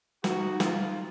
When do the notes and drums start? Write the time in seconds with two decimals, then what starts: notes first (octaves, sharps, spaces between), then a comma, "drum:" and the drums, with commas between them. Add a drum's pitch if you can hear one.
0.24 D#4 F#4, drum: snare
0.60 F4, drum: snare